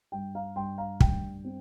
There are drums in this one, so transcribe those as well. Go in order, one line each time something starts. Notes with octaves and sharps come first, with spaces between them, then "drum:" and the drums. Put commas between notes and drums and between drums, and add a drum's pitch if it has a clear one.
G2 G5
F5 A#5
G2 G5 C6
F5 A#5
G2 G5, drum: kick
C4